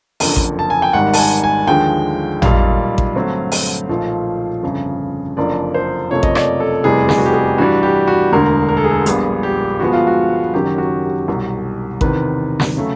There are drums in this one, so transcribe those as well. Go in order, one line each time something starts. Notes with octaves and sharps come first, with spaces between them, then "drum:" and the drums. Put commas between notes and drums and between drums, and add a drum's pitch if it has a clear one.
F#1 F2 D3, drum: open hi-hat
drum: kick A1
A5
G#5
G5
G#1 G#2 D#3 G3 F#5
A5, drum: open hi-hat
G#5
G#5
D#2 D3 F3 G#3 G5
B1 A#2 G3 F5, drum: tom
drum: kick A1
G2 D3 F#3 A3 C4
drum: open hi-hat
B1 A#2 F3 A3
G1 F2 C#3
F#1 F2 D3 F3 D5
C5
F#1 F2 C3 F3 A3 C#5
D#5, drum: kick A1
D5, drum: rim click
A4
F1 E2 C3 E3 G3 G#4
G#4, drum: snare
F#4
G4
G#4
G2 E3 G3 F#4
G4
F#4
E1 D2 D3 A#4
A#4
A4
G#4
A4
A#1 A#2 G3 B3 G#4, drum: hi-hat
G4
G2 D3 F3 G#3 B3 F#4
F4
F#4
F#1 F#2 D#3 F#3 G4
F#4
G4
C2 B2 F#3
E2 C3 D#3 B4, drum: kick A1
drum: snare
C#3 F#3 A3